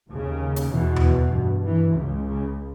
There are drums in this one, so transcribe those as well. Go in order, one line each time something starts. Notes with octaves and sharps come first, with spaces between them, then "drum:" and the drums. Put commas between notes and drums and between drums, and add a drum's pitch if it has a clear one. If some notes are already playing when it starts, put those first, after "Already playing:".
D#2 C#3
drum: hi-hat
E2 B2 E3
drum: tom D#2
G2
E3
C#2 C#3
C#3